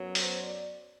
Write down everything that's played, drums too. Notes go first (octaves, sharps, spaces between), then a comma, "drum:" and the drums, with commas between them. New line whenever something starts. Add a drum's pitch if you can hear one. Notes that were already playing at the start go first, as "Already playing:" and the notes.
Already playing: F#2 F#3 B3
C5, drum: open hi-hat
D5